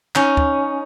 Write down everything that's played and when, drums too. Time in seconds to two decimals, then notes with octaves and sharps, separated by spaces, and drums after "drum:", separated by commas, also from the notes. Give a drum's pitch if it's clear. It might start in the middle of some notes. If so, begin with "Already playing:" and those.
0.15 C#4 D#4, drum: clap
0.37 drum: kick